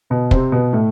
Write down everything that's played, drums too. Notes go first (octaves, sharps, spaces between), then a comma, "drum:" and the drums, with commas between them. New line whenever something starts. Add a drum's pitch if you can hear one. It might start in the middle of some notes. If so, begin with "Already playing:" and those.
B2 B3
C3 C4, drum: kick
B2 B3
A2 A3